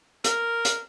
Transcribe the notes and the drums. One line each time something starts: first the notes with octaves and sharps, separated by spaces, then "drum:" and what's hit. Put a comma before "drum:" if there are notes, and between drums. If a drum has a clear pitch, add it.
A#4, drum: hi-hat
drum: hi-hat